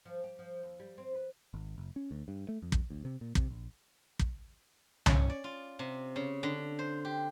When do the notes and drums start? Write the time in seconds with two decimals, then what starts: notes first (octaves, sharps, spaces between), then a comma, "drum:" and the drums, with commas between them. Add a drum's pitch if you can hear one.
0.05 F3
0.24 G4
0.39 F3
0.63 D#2
0.80 G3
0.98 C4
1.15 B4
1.54 G#1
1.78 F#1
1.96 C#4
2.11 D2
2.28 G2
2.49 A3
2.62 F2
2.72 drum: kick
2.90 D2
3.05 C3
3.21 A#2
3.35 C3, drum: kick
3.51 A#1
4.19 drum: kick
5.06 C#4, drum: tom C2
5.30 D5
5.44 F4
5.79 C3
6.16 C#3
6.43 D3
6.79 C5
7.05 G4